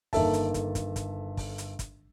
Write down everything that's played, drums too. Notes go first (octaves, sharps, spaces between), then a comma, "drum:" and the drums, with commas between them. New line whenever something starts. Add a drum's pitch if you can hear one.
G1 D#3 A#3 A4 E5 A5, drum: kick, open hi-hat
drum: hi-hat
drum: kick, hi-hat
drum: kick, hi-hat
drum: kick, hi-hat
drum: kick, open hi-hat
drum: hi-hat
drum: kick, hi-hat